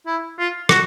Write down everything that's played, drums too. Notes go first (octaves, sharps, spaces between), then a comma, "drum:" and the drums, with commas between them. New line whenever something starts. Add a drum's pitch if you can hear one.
E4
F4
F#4, drum: rim click